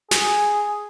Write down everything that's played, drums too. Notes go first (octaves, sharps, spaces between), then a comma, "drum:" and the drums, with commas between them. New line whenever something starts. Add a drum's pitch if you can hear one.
G#4, drum: snare